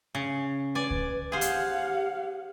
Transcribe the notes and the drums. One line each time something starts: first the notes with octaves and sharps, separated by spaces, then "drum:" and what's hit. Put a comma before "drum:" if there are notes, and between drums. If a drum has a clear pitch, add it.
C#3
B4 D5 G#5
drum: kick C#2
G4 G#4 C5 F5 F#5
drum: hi-hat